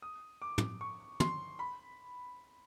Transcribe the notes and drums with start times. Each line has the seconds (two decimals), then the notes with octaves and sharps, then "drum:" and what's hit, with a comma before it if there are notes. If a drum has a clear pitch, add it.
0.02 D#6
0.42 D6
0.58 drum: tom
0.81 C#6
1.20 C6, drum: tom
1.59 B5